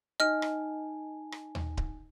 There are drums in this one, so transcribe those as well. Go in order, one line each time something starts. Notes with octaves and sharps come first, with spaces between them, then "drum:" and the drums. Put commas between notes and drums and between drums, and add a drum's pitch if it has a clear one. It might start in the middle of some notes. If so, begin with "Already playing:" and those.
D#4 D#5 G#5 F6
drum: rim click
drum: rim click
drum: tom D#2
drum: kick D1